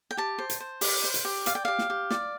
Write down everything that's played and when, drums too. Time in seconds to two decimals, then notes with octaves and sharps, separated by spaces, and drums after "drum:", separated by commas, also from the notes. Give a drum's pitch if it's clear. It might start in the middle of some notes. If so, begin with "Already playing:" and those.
0.11 G5
0.17 G4 A5
0.38 C5
0.50 drum: hi-hat
0.60 C5
0.81 G4, drum: open hi-hat
1.04 C5
1.14 drum: hi-hat
1.25 G4
1.46 D5 F5, drum: hi-hat
1.55 G5
1.65 G4 F5
1.79 drum: snare
1.90 G4
2.10 D5, drum: snare